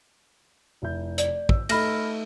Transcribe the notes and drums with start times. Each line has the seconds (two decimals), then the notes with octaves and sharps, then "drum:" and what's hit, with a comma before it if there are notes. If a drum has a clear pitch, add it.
0.82 F1 E4 G6
1.18 D5, drum: hi-hat
1.49 E6, drum: kick
1.69 A3 D#4 B5 F6 A#6, drum: cymbal